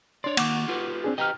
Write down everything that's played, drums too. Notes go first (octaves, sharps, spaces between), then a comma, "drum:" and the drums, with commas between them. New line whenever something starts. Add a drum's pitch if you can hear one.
D4 C#5 D5 C6
D#3 A#3 F#5 C#6 D6, drum: cymbal
F4 G4 B4
C4 D4 G#4
G4 B4 D#5 G5 A#5 F6